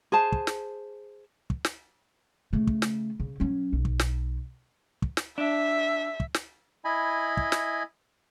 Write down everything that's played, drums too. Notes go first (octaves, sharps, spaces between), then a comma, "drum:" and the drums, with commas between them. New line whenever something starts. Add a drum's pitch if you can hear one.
G#4 C5 A5
drum: kick
drum: snare
drum: kick
drum: snare
C#3 A3
drum: kick
drum: snare
C#3
F#3 C#4
B1
drum: kick
drum: snare
drum: kick
drum: snare
D4 E5
drum: kick
drum: snare
E4 D#5 G#5 B5
drum: kick
drum: snare